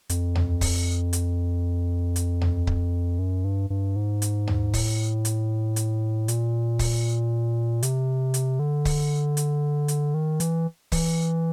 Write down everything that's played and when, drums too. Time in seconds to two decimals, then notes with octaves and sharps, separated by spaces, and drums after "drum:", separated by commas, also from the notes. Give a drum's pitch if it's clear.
0.09 F2, drum: hi-hat
0.35 drum: tom D#2
0.61 drum: kick C#1, open hi-hat
1.13 drum: hi-hat
2.16 drum: hi-hat
2.41 drum: tom D#2
2.67 drum: kick C#1
3.19 F#2
3.44 G2
3.70 G2
3.96 G#2
4.22 drum: hi-hat
4.47 drum: tom D#2
4.73 A2, drum: kick C#1, open hi-hat
5.25 drum: hi-hat
5.76 drum: hi-hat
6.28 A#2, drum: hi-hat
6.79 drum: kick C#1, open hi-hat
7.83 C3, drum: hi-hat
8.34 drum: hi-hat
8.59 D3
8.85 drum: kick C#1, open hi-hat
9.37 drum: hi-hat
9.88 drum: hi-hat
10.14 D#3
10.40 E3, drum: hi-hat
10.92 E3, drum: kick C#1, open hi-hat